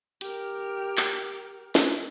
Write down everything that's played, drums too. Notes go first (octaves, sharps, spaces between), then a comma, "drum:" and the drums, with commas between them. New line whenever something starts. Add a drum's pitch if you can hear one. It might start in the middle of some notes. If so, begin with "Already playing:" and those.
G4 A#4, drum: hi-hat
drum: clap
drum: snare